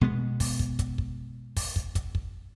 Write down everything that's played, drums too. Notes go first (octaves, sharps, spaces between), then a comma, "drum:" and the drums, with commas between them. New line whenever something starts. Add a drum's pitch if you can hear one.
B2 G#3 B3
drum: kick, open hi-hat
drum: kick
drum: kick, hi-hat
drum: kick
drum: kick, open hi-hat
drum: kick
drum: kick, hi-hat
drum: kick